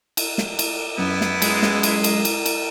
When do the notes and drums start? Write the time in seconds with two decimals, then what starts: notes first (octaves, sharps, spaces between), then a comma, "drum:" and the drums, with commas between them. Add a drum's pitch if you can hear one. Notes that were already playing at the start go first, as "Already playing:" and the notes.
0.17 drum: cymbal
0.38 drum: snare
0.59 drum: cymbal
0.98 F#2 B3 E4
1.21 drum: snare
1.42 G#3, drum: cymbal
1.63 drum: snare
1.83 drum: cymbal
2.04 drum: cymbal
2.25 drum: cymbal
2.46 drum: cymbal